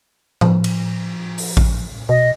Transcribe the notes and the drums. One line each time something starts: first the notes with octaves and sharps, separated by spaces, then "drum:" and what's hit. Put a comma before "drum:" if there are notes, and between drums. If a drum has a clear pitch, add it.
F3, drum: tom A2
drum: cymbal
drum: open hi-hat
drum: kick A1
B2 D#5